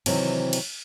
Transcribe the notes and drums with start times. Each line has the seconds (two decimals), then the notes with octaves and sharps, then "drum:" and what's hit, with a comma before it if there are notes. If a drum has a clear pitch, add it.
0.06 C3 D#3 E3 F#3 C4, drum: cymbal
0.53 drum: cymbal